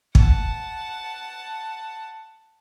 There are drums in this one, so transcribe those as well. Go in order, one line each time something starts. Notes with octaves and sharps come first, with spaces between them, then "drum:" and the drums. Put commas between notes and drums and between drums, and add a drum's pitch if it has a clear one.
F#5 A5, drum: kick